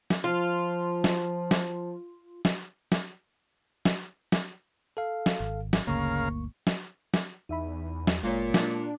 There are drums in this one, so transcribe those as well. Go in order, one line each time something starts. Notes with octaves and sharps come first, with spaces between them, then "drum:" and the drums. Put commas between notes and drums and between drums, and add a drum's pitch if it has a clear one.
drum: snare
F3 F4
drum: snare
drum: snare
drum: snare
drum: snare
drum: snare
drum: snare
A4 F5
drum: snare
G#1
drum: snare
G1 D2 C#3 A#3 A#4 F5 C#6
drum: snare
drum: snare
E2 D#4 E5 B5
drum: snare
G1 A#2 G#3 A#3 C#5
D4, drum: snare